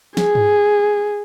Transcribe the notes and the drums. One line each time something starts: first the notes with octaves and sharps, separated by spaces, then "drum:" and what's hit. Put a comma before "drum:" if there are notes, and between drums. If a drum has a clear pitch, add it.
G#4, drum: snare
drum: tom G2